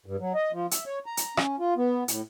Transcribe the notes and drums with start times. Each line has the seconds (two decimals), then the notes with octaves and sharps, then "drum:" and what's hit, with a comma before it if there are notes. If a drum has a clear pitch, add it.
0.06 G2
0.20 F#3
0.35 D#5
0.52 F3
0.71 E5, drum: hi-hat
0.87 C#5
1.06 A#5
1.17 drum: hi-hat
1.37 C#4, drum: rim click
1.59 F4
1.77 B3
2.08 A2, drum: hi-hat